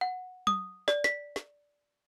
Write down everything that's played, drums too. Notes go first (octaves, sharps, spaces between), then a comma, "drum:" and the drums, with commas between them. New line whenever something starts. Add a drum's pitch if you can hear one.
F#5
D#6, drum: tom F#3
D5, drum: snare
B6, drum: snare
drum: snare